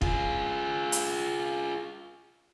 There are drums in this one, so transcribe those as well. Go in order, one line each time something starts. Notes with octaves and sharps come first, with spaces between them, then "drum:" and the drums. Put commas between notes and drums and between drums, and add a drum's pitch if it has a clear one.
F4 G#4, drum: kick
drum: hi-hat